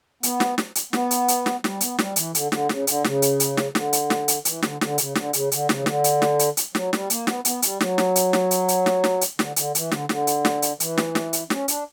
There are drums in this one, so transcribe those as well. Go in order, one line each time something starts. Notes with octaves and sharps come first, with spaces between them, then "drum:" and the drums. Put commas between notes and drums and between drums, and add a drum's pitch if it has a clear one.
B3, drum: hi-hat
drum: snare
drum: snare
drum: hi-hat
B3, drum: snare
drum: hi-hat
drum: hi-hat
drum: snare
G3, drum: snare
B3, drum: hi-hat
G3, drum: snare
E3, drum: hi-hat
D3, drum: hi-hat
D3, drum: snare
C#3, drum: snare
D3, drum: hi-hat
C#3, drum: snare
drum: hi-hat
drum: hi-hat
drum: snare
D3, drum: snare
drum: hi-hat
drum: snare
drum: hi-hat
E3, drum: hi-hat
D3, drum: snare
D3, drum: snare
C#3, drum: hi-hat
D3, drum: snare
C#3, drum: hi-hat
D3, drum: hi-hat
C#3, drum: snare
E3
D3, drum: snare
drum: hi-hat
drum: snare
drum: hi-hat
drum: hi-hat
F#3, drum: snare
G3, drum: snare
A#3, drum: hi-hat
B3, drum: snare
B3, drum: hi-hat
G3, drum: hi-hat
F#3, drum: snare
drum: snare
drum: hi-hat
drum: snare
drum: hi-hat
drum: hi-hat
drum: snare
drum: snare
drum: hi-hat
D3, drum: snare
D3, drum: hi-hat
E3, drum: hi-hat
D3, drum: snare
D3, drum: snare
drum: hi-hat
drum: snare
drum: hi-hat
E3, drum: hi-hat
drum: snare
drum: snare
drum: hi-hat
C#4, drum: snare
D4, drum: hi-hat